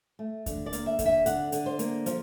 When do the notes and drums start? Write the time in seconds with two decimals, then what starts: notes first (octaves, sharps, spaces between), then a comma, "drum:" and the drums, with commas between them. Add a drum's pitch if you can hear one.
0.19 A3
0.46 D3, drum: kick D#2, hi-hat
0.66 D5
0.73 A#3, drum: hi-hat
0.86 E5
0.99 D3, drum: kick D#2, hi-hat
1.06 E5
1.26 D3 F#5, drum: hi-hat
1.52 D3, drum: hi-hat
1.66 C5
1.79 A#3, drum: hi-hat
2.06 F3, drum: hi-hat